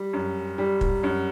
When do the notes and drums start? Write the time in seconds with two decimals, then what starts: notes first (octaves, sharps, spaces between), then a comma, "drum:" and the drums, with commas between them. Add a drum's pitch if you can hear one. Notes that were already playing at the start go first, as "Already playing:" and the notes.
Already playing: G3
0.13 F#2
0.58 G3
0.81 drum: kick
1.03 F#2